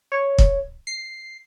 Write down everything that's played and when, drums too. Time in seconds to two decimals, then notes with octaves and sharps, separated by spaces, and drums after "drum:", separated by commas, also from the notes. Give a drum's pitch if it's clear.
0.12 C#5
0.38 drum: kick
0.87 C7